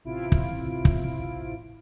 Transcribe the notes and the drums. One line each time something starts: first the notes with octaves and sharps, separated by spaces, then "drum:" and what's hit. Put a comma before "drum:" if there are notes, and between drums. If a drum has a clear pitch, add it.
A1 C3 E4 F4 D7
drum: kick
drum: kick